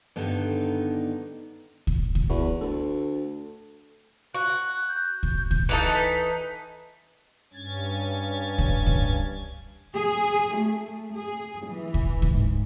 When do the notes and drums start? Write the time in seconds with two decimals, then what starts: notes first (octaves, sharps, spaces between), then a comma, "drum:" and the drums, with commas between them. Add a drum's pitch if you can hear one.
0.16 G2 D3 D#3 B3 D#4 A4
1.87 drum: kick C#2
2.15 drum: kick C#2
2.30 E2 F#4
2.61 D2 A4
4.35 F#4 F#6
4.88 G6
5.23 drum: kick C#2
5.51 drum: kick C#2
5.69 E3 D#4 A4 C#7
5.94 B6
7.53 G2 C#4 G#6 A6
8.58 drum: kick C#2
8.86 drum: kick C#2
9.94 G#4
10.57 A3
11.15 G#4
11.66 E3
11.94 drum: kick C#2
12.22 drum: kick C#2
12.31 G#2